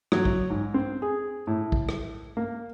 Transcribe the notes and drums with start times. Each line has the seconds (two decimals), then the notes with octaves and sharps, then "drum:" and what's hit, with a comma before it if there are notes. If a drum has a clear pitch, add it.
0.12 F#3, drum: rim click
0.25 drum: kick
0.50 G#2
0.74 C4
1.02 G#4
1.47 A2
1.72 drum: kick
1.89 drum: rim click
2.37 A#3